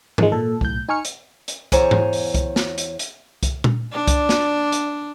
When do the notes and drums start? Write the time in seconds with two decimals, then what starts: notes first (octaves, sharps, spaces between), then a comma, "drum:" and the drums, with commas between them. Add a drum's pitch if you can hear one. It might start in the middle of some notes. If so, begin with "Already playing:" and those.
0.18 D#3 F3 G#3, drum: tom G#2
0.32 A#2 A4
0.61 B1 A2 G6, drum: kick C2
0.88 D#4 G#5 C#6 F6 C#7
1.05 drum: hi-hat
1.48 drum: hi-hat
1.72 E2 C5 C#5 G#5 A#5, drum: kick C2, hi-hat
1.91 drum: tom G#2
2.13 drum: open hi-hat
2.34 drum: kick C2, hi-hat
2.56 drum: snare
2.78 drum: hi-hat
2.99 drum: hi-hat
3.43 drum: kick C2, hi-hat
3.64 drum: tom A#2
3.93 D4 D5
4.08 drum: kick C2, hi-hat
4.29 drum: snare
4.72 drum: hi-hat